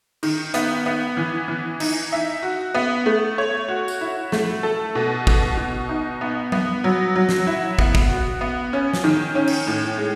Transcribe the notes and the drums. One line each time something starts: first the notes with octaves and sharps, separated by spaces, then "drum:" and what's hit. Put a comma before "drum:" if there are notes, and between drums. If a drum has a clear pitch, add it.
D#3, drum: cymbal
B3, drum: hi-hat
B3
E3
E3
D#4, drum: cymbal
E5
F#4
B3
A3
C#5
F#4
drum: tambourine
E4
A3, drum: snare
A4
B2
B2, drum: kick
B2
D#4
B3
B3, drum: tom F#3
F#3
F#3
drum: snare
E4
B3, drum: kick
drum: kick
F#4
B3
C#4
drum: snare
D#3
C#4
drum: cymbal
A2
G#3